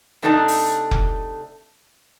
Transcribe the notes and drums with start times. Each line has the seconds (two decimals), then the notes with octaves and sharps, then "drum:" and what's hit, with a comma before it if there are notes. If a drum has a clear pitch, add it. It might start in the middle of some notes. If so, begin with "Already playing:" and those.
0.22 C3 A3 D4 D#4 B4 A5
0.48 drum: open hi-hat
0.91 drum: kick F1